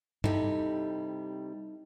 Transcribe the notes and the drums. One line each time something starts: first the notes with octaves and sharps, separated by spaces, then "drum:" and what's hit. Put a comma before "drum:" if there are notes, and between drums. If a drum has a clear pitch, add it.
C3 G3 D#4 E4 A4, drum: tom G2